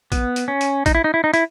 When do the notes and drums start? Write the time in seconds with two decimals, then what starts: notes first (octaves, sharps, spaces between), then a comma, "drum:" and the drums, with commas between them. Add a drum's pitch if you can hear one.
0.12 B3, drum: kick A#1, hi-hat
0.36 drum: hi-hat
0.48 C#4
0.61 drum: hi-hat
0.86 D#4, drum: kick A#1, hi-hat
0.95 E4
1.04 D#4
1.14 E4
1.24 D#4
1.34 E4, drum: hi-hat